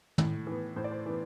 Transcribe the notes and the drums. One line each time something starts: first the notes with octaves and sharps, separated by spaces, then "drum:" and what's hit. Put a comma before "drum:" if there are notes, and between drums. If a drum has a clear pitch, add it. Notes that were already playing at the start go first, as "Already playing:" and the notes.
A2, drum: tom
E3 B3
A2 C5
D5
C5
E3 B3